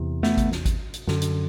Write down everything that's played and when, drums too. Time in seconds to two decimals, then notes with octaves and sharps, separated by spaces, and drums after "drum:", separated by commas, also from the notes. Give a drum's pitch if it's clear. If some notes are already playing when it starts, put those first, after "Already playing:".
Already playing: E2 C3
0.23 A3 B3, drum: snare
0.37 drum: kick G#1, hi-hat
0.51 drum: snare
0.65 drum: kick G#1, hi-hat
0.94 drum: hi-hat
1.07 F#2 D3, drum: snare
1.22 drum: hi-hat